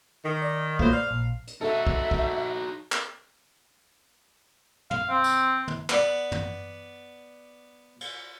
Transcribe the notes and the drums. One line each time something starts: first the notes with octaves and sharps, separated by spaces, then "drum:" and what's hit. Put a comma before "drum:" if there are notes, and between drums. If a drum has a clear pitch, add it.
D#3
D5
A#2 F#3 A3 B3 F4 C5, drum: kick
C5 D5 F5
A#1
drum: hi-hat
D#4 F#4 A4 E5
drum: kick
drum: kick
drum: clap
F5, drum: tom
C4
drum: tambourine
drum: tom
B3 D5 F#5, drum: clap
drum: tom
drum: cymbal